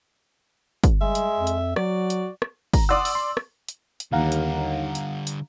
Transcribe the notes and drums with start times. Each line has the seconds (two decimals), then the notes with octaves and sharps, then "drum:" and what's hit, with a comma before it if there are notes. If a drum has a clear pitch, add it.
0.84 drum: kick, hi-hat
1.01 G3 G#3 E5
1.15 drum: hi-hat
1.38 F2
1.47 drum: hi-hat
1.76 F#3 F#4 D5, drum: rim click
2.10 drum: hi-hat
2.42 drum: rim click
2.74 A#5, drum: kick, open hi-hat
2.89 D5 F#5 C6 D#6 E6
3.05 drum: open hi-hat
3.15 C6
3.37 drum: rim click
3.68 drum: hi-hat
4.00 drum: hi-hat
4.13 D#2 D3 G3 F5 F#5 A#5
4.32 drum: hi-hat
4.95 drum: hi-hat
5.27 drum: hi-hat